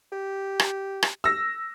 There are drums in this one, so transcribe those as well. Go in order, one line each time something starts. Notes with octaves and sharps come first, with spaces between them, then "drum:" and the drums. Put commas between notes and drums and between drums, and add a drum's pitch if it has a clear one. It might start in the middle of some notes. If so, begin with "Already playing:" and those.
G4
drum: rim click
drum: rim click
E6 A#6